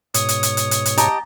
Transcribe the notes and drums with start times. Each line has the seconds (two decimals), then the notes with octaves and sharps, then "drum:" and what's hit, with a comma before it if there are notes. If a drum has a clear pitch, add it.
0.14 G#2 B2 C#5 D#6, drum: hi-hat
0.29 drum: hi-hat
0.43 drum: hi-hat
0.57 drum: hi-hat
0.71 drum: hi-hat
0.85 drum: hi-hat
0.97 G4 D#5 A5 A#5, drum: hi-hat